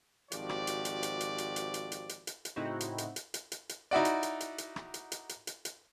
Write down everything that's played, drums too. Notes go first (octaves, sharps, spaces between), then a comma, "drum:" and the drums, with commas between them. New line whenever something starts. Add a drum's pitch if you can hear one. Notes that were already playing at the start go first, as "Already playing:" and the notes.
G#1 F3 F#4 G4 D5, drum: hi-hat
drum: rim click
drum: hi-hat
drum: hi-hat
drum: hi-hat
drum: hi-hat
drum: hi-hat
drum: hi-hat
drum: hi-hat
drum: hi-hat
drum: hi-hat
drum: hi-hat
drum: hi-hat
A2 C#3 C4 D#4 E4 F#4
drum: hi-hat
drum: hi-hat
drum: hi-hat
drum: hi-hat
drum: hi-hat
drum: hi-hat
D#4 E4 F#4 D5
drum: hi-hat
drum: hi-hat
drum: hi-hat
drum: hi-hat
drum: rim click
drum: hi-hat
drum: hi-hat
drum: hi-hat
drum: hi-hat
drum: hi-hat